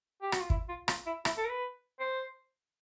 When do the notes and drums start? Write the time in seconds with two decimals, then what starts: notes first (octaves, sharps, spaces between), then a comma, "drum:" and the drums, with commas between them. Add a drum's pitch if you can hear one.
0.22 G4
0.32 F#4, drum: rim click
0.41 F4
0.50 E4, drum: kick
0.69 F4
0.88 F4, drum: rim click
1.06 E4
1.25 E4, drum: rim click
1.37 A4
1.44 A#4
1.50 B4
2.00 C5